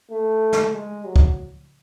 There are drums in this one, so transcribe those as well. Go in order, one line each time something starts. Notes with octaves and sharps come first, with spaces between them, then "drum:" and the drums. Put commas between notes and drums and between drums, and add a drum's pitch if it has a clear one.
A3
drum: snare
G#3
F#3
drum: kick